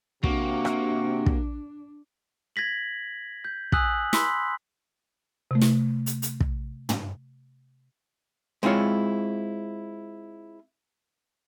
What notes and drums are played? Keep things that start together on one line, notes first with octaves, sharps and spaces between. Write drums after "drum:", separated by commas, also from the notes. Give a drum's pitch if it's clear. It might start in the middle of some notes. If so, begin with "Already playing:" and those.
C3 A#3 D4 F#4, drum: kick
drum: rim click
drum: kick
G#6 A#6 B6 F#7
G6
G#5 D#6 E6 F#6 B6 F#7, drum: kick
B5 C6 E6 B6, drum: snare
C3 A3
drum: snare
drum: hi-hat
drum: hi-hat
drum: kick
drum: tom
G#3 C4 E4 F4 C#5